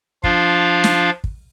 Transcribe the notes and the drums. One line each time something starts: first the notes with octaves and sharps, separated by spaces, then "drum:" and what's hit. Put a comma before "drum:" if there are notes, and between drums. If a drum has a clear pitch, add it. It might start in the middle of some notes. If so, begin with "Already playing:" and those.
F3 D4 F4 F5, drum: kick
drum: snare
drum: kick